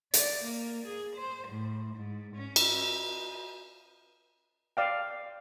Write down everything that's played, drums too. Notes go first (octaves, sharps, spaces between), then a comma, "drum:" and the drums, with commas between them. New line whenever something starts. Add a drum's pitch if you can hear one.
D5, drum: hi-hat
A#3
G#4
C5
A2
G#2
C#4
drum: cymbal
D5 F5 G5